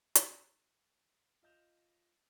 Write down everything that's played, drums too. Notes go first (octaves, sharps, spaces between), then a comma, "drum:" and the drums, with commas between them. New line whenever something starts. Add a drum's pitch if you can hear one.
drum: hi-hat
F4 D#5 G6 E7 F7